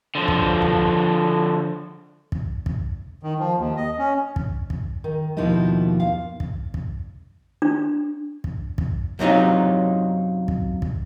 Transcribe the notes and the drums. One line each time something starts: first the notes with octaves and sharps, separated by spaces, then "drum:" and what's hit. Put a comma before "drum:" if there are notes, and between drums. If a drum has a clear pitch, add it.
D3 F3
drum: kick
drum: kick
drum: kick
drum: kick
D#3
F3
D#2
D#5
C#4
drum: kick
drum: kick
D#3
D#2 B2 F3 D#4 E4 D#5
F5
drum: kick
drum: kick
D4
drum: kick
drum: kick
F#2 C3 F#3 D#4 F4
drum: kick
drum: kick